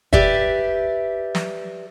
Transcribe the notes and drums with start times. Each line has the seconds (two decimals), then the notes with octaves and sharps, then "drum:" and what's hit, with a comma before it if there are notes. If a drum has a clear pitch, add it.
0.13 G4 B4 D5 E5, drum: kick
1.35 drum: snare